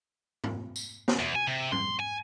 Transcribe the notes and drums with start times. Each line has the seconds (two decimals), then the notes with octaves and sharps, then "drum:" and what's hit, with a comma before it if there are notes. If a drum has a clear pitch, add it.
0.44 drum: tom G#2
0.76 drum: tambourine
1.08 drum: snare
1.19 E2
1.35 G#5
1.47 C3
1.72 C6, drum: tom G#2
2.00 G#5